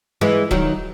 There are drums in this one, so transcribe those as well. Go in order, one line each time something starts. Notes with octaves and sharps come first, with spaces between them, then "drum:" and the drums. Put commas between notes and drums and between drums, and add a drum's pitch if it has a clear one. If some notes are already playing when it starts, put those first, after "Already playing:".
E3 G#3
D#3 F#3, drum: kick